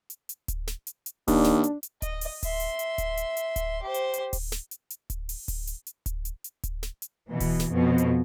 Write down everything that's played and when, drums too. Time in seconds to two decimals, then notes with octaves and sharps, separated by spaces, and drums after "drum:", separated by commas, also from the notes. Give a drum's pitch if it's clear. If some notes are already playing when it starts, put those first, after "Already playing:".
0.10 drum: hi-hat
0.29 drum: hi-hat
0.48 drum: kick D1, hi-hat
0.67 drum: snare
0.87 drum: hi-hat
1.06 drum: hi-hat
1.28 D#2 D4, drum: kick D1, open hi-hat
1.44 drum: snare
1.64 drum: hi-hat
1.83 drum: hi-hat
2.02 D#5, drum: kick D1, hi-hat
2.21 drum: open hi-hat
2.43 E5 C6, drum: kick D1, open hi-hat
2.60 drum: hi-hat
2.79 drum: hi-hat
2.98 drum: kick D1, hi-hat
3.17 drum: hi-hat
3.37 drum: hi-hat
3.56 drum: kick D1, hi-hat
3.83 G4 C5
3.94 drum: hi-hat
4.14 drum: hi-hat
4.33 drum: kick D1, open hi-hat
4.52 drum: snare
4.71 drum: hi-hat
4.90 drum: hi-hat
5.10 drum: kick D1, hi-hat
5.29 drum: open hi-hat
5.48 drum: kick D1, open hi-hat
5.67 drum: hi-hat
5.87 drum: hi-hat
6.06 drum: kick D1, hi-hat
6.25 drum: hi-hat
6.44 drum: hi-hat
6.63 drum: kick D1, hi-hat
6.83 drum: snare
7.02 drum: hi-hat
7.30 B2 E3
7.40 drum: kick D1, open hi-hat
7.60 drum: snare
7.70 F2 B2
7.98 drum: hi-hat